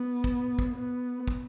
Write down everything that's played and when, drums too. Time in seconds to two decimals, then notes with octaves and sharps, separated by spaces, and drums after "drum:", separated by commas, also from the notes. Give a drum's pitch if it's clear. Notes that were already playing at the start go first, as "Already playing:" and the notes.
Already playing: B3
0.24 drum: kick
0.59 drum: kick
0.76 B3
1.27 drum: kick